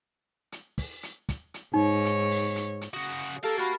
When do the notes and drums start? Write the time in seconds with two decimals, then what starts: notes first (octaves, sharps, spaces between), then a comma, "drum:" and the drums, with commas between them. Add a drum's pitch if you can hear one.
0.52 drum: hi-hat
0.78 drum: kick, open hi-hat
1.03 drum: hi-hat
1.29 drum: kick, hi-hat
1.54 drum: hi-hat
1.74 G#2 D#4 C#5
2.05 drum: hi-hat
2.30 drum: open hi-hat
2.56 drum: hi-hat
2.81 drum: hi-hat
2.94 C#3 F#4 D#6
3.44 G4 A4 A#4 F5 A5
3.58 F#4 B5 F6 A6, drum: hi-hat